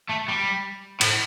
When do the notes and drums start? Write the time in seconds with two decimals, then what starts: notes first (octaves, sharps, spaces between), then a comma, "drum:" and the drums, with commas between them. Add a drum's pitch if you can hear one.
0.09 A3
0.28 G3
1.01 A2, drum: cymbal